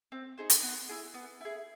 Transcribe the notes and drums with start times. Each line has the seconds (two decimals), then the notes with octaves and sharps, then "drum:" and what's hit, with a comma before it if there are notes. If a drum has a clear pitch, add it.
0.12 C4
0.38 D#4 G#4 C5
0.50 drum: hi-hat
0.63 B3
0.89 E4 G#4
1.14 B3
1.41 E4 G#4